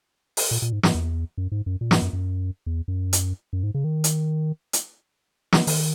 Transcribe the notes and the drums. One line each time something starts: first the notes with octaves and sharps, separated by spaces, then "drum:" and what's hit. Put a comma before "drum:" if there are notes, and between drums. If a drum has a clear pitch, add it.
drum: open hi-hat
A#2
A#2
G#2
G#2, drum: snare
E2
F#2
G#2
F#2
A#2
G#2, drum: snare
F#2
F#2
E2
F#2
drum: hi-hat
F#2
G#2
C#3
D#3
drum: hi-hat
drum: hi-hat
drum: snare
D#3, drum: open hi-hat